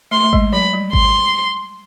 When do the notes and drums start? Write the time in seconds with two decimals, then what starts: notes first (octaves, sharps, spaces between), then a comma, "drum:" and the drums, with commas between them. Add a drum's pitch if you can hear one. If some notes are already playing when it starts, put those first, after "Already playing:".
0.11 A3 C6
0.24 A3
0.33 G#3, drum: kick G#1
0.53 F#3 B5
0.73 G3
0.93 C6, drum: kick G#1